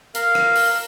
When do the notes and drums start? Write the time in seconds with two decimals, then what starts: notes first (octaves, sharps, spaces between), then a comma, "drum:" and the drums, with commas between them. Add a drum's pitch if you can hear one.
0.15 A#4 F5, drum: hi-hat
0.35 drum: rim click
0.56 drum: open hi-hat